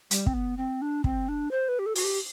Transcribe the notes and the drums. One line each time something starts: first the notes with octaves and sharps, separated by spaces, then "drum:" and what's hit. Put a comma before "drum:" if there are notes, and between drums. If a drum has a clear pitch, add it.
G3, drum: hi-hat
C4, drum: kick
B3
C4
D4
C4, drum: kick
D4
C5
B4
G4
A4
F#4, drum: open hi-hat
G4